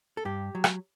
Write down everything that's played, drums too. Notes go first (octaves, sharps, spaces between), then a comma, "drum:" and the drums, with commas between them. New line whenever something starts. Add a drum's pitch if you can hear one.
A4
G2 G4
F#3
drum: rim click